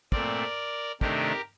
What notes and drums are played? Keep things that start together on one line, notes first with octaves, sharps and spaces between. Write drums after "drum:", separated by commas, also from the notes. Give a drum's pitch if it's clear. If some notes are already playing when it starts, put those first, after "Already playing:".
A#2 A3 C4 A#4 D5, drum: kick
C3 D#3 A3 D4 G4 A#4, drum: kick